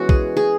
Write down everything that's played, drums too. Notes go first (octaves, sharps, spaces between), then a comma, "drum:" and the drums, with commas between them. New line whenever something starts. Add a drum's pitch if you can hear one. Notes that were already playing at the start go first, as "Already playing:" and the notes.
Already playing: E3 G#3 B3 C#4 F#4
G#4, drum: kick
G#4